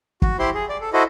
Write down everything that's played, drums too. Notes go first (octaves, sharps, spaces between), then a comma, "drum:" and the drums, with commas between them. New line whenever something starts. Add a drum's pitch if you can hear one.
F#4, drum: kick
E4 G4 C5 C6
G#4
D5
A4
E4 F#4 A4 C5 D#5